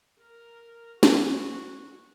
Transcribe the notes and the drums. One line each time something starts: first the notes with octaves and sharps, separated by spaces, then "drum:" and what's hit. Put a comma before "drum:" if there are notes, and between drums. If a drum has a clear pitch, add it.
A#4
F#4, drum: snare